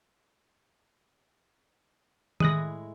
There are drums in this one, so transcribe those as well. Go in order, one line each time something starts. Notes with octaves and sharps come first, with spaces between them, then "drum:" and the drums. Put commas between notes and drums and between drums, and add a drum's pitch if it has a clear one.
A2 G#3 E4 D#6 F#6 A#6, drum: tom D#3